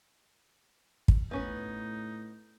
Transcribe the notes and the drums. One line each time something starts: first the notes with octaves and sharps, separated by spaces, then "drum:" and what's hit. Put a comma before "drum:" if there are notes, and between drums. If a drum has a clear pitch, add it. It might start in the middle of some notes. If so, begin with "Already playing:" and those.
drum: kick
A2 B3 C#4 D#4 B4